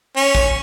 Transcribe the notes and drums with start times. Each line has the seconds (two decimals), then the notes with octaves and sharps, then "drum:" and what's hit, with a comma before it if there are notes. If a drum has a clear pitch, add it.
0.16 C#4
0.35 drum: kick